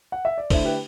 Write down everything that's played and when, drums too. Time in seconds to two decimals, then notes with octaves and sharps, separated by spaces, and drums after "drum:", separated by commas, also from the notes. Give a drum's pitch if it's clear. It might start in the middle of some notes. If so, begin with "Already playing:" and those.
0.12 F#5
0.25 E5
0.38 D5
0.50 D3 A3 E4 A4 C5, drum: kick, open hi-hat
0.65 G4 B4